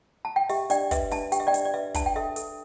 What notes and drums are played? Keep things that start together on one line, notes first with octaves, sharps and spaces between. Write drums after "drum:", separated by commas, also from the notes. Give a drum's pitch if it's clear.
A5
G5
G4 E5, drum: open hi-hat
D4 D5 G5, drum: hi-hat
B4 E5, drum: kick, hi-hat
D4 E5 A5, drum: open hi-hat
G4 G5, drum: hi-hat
E5
D5 G5
D4, drum: hi-hat
D5
B4 E5
D4 A5, drum: kick, hi-hat
G5
A4 E5
A4, drum: hi-hat